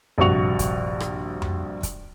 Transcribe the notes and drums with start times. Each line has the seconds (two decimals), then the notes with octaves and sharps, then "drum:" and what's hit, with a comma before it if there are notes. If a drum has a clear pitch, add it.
0.18 A#1 G2 C3 F#4 C#6 F7
0.59 drum: kick, hi-hat
1.00 drum: rim click
1.42 drum: tom F2
1.83 drum: kick, hi-hat